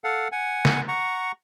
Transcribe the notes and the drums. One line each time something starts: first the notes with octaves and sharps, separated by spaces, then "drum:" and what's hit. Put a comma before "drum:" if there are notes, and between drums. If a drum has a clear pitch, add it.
A4 F5 F#5
F#5 G#5
drum: snare
F#5 A#5 C#6